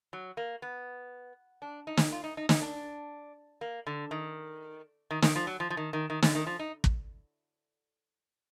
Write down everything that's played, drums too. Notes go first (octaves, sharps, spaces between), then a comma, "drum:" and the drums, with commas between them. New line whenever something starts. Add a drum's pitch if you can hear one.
F#3
A#3
B3
D4
D#4
drum: snare
F4
D#4
D#4
D#4, drum: snare
D4
A#3
D3
D#3
D#3
D#3, drum: snare
F3
F#3
F3
F3
D#3
D#3
D#3
D3, drum: snare
D#3
F3
D#4
drum: kick